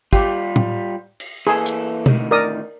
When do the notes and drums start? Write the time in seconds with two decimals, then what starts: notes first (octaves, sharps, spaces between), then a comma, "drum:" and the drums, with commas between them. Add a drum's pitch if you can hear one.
0.13 G3 F4 G4, drum: kick
0.56 drum: tom A2
1.20 drum: cymbal
1.47 E3 A#3 G#4 A4
1.66 drum: hi-hat
2.06 D2 A2 D#3, drum: tom B2
2.31 A#4 D5 D#6